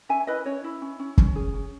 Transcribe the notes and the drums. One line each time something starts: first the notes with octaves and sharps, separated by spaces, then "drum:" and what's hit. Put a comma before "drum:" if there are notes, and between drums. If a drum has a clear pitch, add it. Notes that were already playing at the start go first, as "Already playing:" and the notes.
C#4 E5 G#5
E4 B4 D#5
C#4 C#5
E4
C#4
C#4
C#4, drum: kick
G#4
C#4